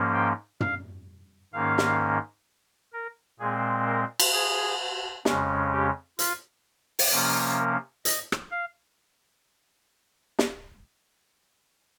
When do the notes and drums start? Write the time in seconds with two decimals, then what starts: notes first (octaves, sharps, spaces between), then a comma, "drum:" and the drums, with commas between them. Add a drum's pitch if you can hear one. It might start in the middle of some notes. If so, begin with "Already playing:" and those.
Already playing: G#2 F3 A#3 C#4
0.14 G5
0.60 F5, drum: tom
1.53 G#2 D#3 A#3 C#4 F5
1.78 drum: snare
2.93 A#4
3.39 A#2 G#3 C4 G#4
3.86 A#4
4.20 drum: cymbal
4.33 G#4
5.25 F2 C#3 G#3 C#4, drum: snare
5.72 G4
6.19 F4, drum: hi-hat
6.99 drum: open hi-hat
7.12 C3 F3 A#3 C#4
7.58 A#4
8.05 D#5, drum: hi-hat
8.32 drum: rim click
8.51 F5
10.39 drum: snare